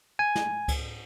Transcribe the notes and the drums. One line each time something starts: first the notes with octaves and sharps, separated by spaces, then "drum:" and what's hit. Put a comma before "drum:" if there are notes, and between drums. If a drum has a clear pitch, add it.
G#5
drum: snare
drum: kick C#2, cymbal